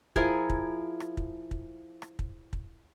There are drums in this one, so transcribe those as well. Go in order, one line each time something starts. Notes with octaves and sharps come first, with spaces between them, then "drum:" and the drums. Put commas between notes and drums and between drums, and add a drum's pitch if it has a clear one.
F3 E4 G#4 A#4, drum: kick
drum: kick
drum: rim click
drum: kick
drum: kick
drum: rim click
drum: kick
drum: kick